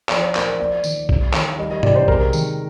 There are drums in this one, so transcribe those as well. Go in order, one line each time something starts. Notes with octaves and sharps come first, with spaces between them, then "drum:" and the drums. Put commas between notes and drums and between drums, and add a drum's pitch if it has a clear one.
F3 D5, drum: clap
C5
A#2 A#4, drum: clap
D5
A#3 D5
D#3, drum: tambourine
G3, drum: kick
D#3, drum: clap
G3 D#5
D#5
C3 D5, drum: tom
C5
G#3 A#4, drum: kick
D#3, drum: tambourine